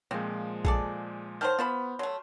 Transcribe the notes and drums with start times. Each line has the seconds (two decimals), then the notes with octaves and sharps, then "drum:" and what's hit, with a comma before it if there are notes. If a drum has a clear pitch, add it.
0.11 A#2 F3 G#3 C4
0.65 G#4 A4 D5, drum: kick A#1
1.41 D#3 F#3 C5 A5 F6 G6
1.59 B3 F4 C5 B5
1.99 F#3 A3 C6